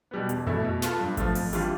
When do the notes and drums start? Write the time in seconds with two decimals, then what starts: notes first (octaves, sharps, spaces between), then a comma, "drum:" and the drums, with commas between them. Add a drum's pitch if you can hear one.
0.11 B2 G3 B3
0.29 E1, drum: hi-hat
0.47 E2 B2 A3 E4, drum: tom F2
0.64 B2
0.82 B3 F4 A4, drum: snare
1.00 G2
1.17 F3 A3, drum: kick G#1, hi-hat
1.35 F2, drum: open hi-hat
1.53 E3 G3 D4 F4, drum: hi-hat